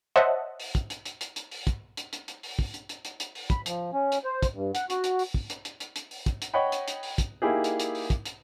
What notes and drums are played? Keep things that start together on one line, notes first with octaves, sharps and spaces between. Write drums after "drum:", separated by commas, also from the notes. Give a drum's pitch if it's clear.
C5 C#5 D#5 E5 F#5 A5
drum: open hi-hat
drum: kick, hi-hat
drum: hi-hat
drum: hi-hat
drum: hi-hat
drum: hi-hat
drum: open hi-hat
drum: kick, hi-hat
drum: hi-hat
drum: hi-hat
drum: hi-hat
drum: open hi-hat
drum: kick
drum: hi-hat
drum: hi-hat
drum: hi-hat
drum: hi-hat
drum: open hi-hat
B5, drum: kick, hi-hat
F3, drum: hi-hat
C#4
drum: hi-hat
C5
drum: kick, hi-hat
G2
F#5, drum: hi-hat
F#4, drum: hi-hat
drum: hi-hat
drum: open hi-hat
drum: kick
drum: hi-hat
drum: hi-hat
drum: hi-hat
drum: hi-hat
drum: open hi-hat
drum: kick, hi-hat
drum: hi-hat
C#5 D#5 F#5 G5 B5
drum: hi-hat
drum: hi-hat
drum: open hi-hat
drum: kick, hi-hat
A#3 D#4 E4 G4 G#4
drum: hi-hat
drum: hi-hat
drum: open hi-hat
drum: kick, hi-hat
drum: hi-hat